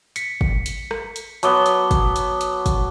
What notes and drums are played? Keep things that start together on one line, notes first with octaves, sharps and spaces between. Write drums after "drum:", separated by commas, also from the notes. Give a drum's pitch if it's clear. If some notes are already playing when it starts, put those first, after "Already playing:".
B6 C#7, drum: hi-hat
drum: kick
drum: hi-hat
drum: rim click
drum: hi-hat
F#3 B3 A5 D6 G7, drum: hi-hat
drum: hi-hat
drum: kick, hi-hat
drum: hi-hat
drum: hi-hat
drum: kick, hi-hat